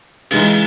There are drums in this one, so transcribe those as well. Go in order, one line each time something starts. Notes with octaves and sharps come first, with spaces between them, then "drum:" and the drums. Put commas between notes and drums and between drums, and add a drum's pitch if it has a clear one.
C#3 E3 G#3 D#4, drum: cymbal